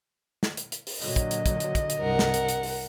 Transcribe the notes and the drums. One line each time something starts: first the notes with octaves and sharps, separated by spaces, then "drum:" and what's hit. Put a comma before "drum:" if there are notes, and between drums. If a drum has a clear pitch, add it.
drum: snare
drum: hi-hat
drum: hi-hat
drum: open hi-hat
A#2 D3 F#3 D#5, drum: open hi-hat
drum: kick, hi-hat
drum: hi-hat
drum: kick, hi-hat
drum: hi-hat
drum: kick, hi-hat
drum: hi-hat
C2 G2 A#4 F#5
drum: snare
drum: hi-hat
drum: hi-hat
drum: open hi-hat